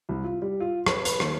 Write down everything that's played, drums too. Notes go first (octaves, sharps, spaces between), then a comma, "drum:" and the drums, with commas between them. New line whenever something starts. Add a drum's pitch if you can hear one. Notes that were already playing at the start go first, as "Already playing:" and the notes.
C2
F4
G3
F4
B4, drum: rim click
B4, drum: hi-hat
D#2, drum: rim click